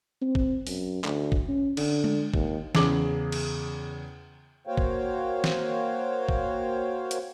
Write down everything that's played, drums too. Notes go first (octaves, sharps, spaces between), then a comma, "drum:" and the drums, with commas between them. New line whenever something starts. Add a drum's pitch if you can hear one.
C4
drum: kick
F#2, drum: open hi-hat
D2, drum: clap
drum: kick
C#4
D3, drum: cymbal
drum: tom G#3
D#2, drum: kick
E2 C#3 G#4 D6 F#7, drum: snare
drum: cymbal
A#3 F#4 C5 C#5 F5 G5
drum: kick
drum: snare
drum: kick
drum: hi-hat